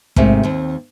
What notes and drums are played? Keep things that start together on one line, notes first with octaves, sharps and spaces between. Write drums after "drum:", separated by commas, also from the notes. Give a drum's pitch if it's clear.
G#2 C3 A3 A#3 C4, drum: kick
D#2 C4